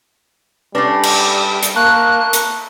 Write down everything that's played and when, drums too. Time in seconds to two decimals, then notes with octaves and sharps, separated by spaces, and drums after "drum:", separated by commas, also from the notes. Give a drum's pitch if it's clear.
0.75 G3 A3 C#4 D4 B4 A#6 C7
1.03 drum: cymbal
1.63 drum: hi-hat
1.76 A#3 A5 A#5 C#6 F#6
2.33 drum: hi-hat